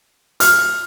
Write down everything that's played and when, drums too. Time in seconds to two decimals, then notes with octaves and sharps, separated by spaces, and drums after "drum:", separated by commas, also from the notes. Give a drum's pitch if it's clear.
0.40 F6, drum: hi-hat